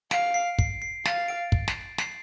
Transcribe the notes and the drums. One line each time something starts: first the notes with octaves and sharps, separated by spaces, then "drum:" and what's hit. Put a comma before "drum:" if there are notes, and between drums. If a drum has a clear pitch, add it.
F5 D7, drum: snare
C7
C7, drum: kick
C7
F5 A6, drum: snare
D7
drum: kick
drum: snare
C7, drum: snare